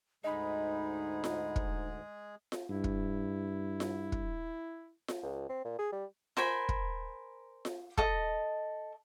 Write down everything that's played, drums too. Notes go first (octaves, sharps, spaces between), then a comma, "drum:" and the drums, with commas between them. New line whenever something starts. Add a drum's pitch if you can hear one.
D2 G#2 D3 G#3 D#4 G#4 D#5 B5
drum: snare F4
drum: kick
drum: snare F4
G2 E4
drum: kick
drum: snare F4
drum: kick
drum: snare F4
C#2
C4
A#2
G#4
G3
A#4 C5 G#5 B5, drum: snare F4
drum: kick
drum: snare F4
A4 D#5, drum: kick